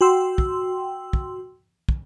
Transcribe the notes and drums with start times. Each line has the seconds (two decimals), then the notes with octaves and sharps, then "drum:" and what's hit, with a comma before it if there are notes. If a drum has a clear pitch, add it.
0.01 F#4 G5 C6 E6
0.38 drum: kick
1.13 drum: kick
1.89 drum: kick